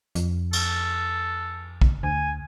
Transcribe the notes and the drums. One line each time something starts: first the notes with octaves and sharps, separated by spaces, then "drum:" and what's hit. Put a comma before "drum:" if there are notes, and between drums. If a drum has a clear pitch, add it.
F2, drum: hi-hat
A4, drum: cymbal
drum: kick
D2 G#5